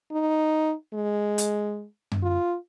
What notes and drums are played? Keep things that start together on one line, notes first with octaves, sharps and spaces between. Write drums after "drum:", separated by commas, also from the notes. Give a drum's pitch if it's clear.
D#4
G#3
drum: hi-hat
drum: tom F#2
F4